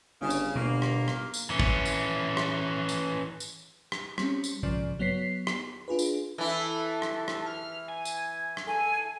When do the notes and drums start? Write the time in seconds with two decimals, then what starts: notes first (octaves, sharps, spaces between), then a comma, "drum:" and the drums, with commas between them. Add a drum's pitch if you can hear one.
0.21 G1 C#3
0.30 drum: tambourine
0.55 G1 B2 A#3
0.82 drum: rim click
1.08 drum: rim click
1.34 drum: tambourine
1.50 E3 C#4
1.59 drum: kick
1.85 drum: tambourine
2.37 drum: rim click
2.89 drum: tambourine
3.40 drum: tambourine
3.92 drum: rim click
4.18 G3 C4 C#4, drum: rim click
4.44 drum: tambourine
4.63 B1 G#2 C#3 F3 D5
4.99 F#3 B3 C#5 B6 C7
5.47 drum: rim click
5.88 D4 F4 G#4 B4
5.99 drum: tambourine
6.38 E3 E4 A4
7.02 drum: rim click
7.28 drum: rim click
7.46 F6
7.88 G#5
8.05 drum: tambourine
8.57 drum: rim click
8.67 A4 G#5